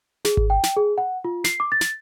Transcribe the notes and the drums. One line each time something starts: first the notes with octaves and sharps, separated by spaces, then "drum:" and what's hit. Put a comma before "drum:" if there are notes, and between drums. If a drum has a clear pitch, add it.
G#4, drum: snare
drum: kick G#1
G5
drum: snare
G#4
F#5
F4
C7, drum: snare
D6
A6
drum: snare